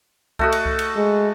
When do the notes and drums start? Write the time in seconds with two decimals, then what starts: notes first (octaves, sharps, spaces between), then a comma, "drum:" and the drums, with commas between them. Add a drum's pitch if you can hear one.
0.39 A3 F#4 D#5, drum: kick C2
0.52 drum: cymbal
0.66 drum: kick C2
0.79 drum: cymbal
0.96 G#3